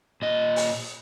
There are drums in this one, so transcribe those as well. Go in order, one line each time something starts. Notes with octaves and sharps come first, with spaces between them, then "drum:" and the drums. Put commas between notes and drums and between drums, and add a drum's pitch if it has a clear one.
A#2 D#5
drum: open hi-hat